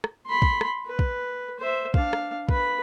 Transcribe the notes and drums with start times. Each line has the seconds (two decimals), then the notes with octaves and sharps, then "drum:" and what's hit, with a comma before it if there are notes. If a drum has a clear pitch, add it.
0.04 drum: rim click
0.26 B5 C6
0.42 drum: kick
0.61 drum: rim click
0.86 B4
0.99 drum: kick
1.60 C5 E5
1.94 D4 F5, drum: kick
2.13 drum: rim click
2.49 B4 B5, drum: kick